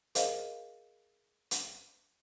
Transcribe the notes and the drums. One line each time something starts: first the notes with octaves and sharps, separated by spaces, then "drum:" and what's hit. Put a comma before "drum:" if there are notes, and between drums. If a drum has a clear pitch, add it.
G#4 A#4 C5 D#5 F5, drum: hi-hat
drum: hi-hat